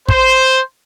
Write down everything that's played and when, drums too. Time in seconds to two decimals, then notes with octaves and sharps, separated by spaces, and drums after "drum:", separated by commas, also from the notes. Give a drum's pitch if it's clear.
0.09 C5, drum: kick